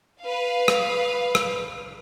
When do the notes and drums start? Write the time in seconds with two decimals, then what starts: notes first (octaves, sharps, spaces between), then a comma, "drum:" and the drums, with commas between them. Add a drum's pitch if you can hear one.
0.24 B4 F5
0.68 drum: rim click
1.35 drum: rim click